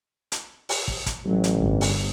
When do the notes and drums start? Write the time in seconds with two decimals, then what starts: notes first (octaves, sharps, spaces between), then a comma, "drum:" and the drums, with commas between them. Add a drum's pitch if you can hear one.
0.32 drum: hi-hat
0.69 drum: open hi-hat
0.88 drum: kick
1.06 drum: kick, hi-hat
1.25 A1 F#3
1.44 drum: hi-hat
1.57 G1
1.81 drum: open hi-hat